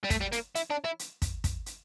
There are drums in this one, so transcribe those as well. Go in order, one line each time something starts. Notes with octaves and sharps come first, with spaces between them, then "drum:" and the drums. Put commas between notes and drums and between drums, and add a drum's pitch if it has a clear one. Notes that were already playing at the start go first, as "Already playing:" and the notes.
G3
A3, drum: kick, hi-hat
G3
A#3, drum: hi-hat
E4, drum: hi-hat
D4
E4
drum: hi-hat
drum: kick, hi-hat
drum: kick, hi-hat
drum: hi-hat